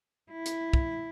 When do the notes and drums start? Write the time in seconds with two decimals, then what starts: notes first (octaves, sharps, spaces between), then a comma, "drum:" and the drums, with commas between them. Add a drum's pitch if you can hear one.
0.32 E4
0.46 drum: hi-hat
0.73 drum: kick